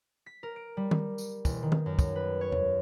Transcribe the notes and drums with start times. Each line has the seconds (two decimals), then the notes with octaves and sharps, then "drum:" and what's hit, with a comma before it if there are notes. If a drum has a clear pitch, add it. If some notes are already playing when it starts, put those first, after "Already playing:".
0.26 B6
0.43 A#4
0.56 D7
0.77 G3
0.91 drum: tom D#3
1.18 drum: tambourine
1.45 E1, drum: kick, tambourine
1.63 D#3
1.72 drum: tom D#3
1.86 F#2
1.99 drum: kick, tambourine
2.16 B4
2.41 C#5
2.52 drum: tom E2